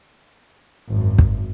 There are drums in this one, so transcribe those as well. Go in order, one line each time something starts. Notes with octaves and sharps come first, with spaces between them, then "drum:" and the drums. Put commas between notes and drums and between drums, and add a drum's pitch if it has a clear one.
G#1 F#2
drum: kick